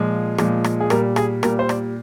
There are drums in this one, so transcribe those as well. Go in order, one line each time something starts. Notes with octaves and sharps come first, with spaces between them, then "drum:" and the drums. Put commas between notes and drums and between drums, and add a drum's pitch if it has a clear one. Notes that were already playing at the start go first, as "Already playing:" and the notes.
Already playing: A#2 F3 G#3
A#2 F3 G#3, drum: rim click
drum: rim click
G#4
A#2 G3 A#4, drum: rim click
G#4, drum: rim click
A#2 G3 A#4, drum: rim click
C5
D5, drum: rim click